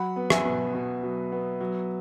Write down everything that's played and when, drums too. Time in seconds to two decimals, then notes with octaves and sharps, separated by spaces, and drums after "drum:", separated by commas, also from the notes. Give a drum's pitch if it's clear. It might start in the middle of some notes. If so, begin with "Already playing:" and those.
Already playing: F#3 F#5 B5
0.16 B3
0.30 E5 G#5, drum: rim click
0.45 B2
0.75 B2
1.03 F#3
1.32 B3
1.61 F#3